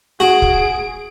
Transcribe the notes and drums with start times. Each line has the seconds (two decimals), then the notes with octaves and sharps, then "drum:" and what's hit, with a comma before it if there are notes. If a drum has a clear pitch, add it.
0.20 F#4 G#4 D7
0.42 drum: kick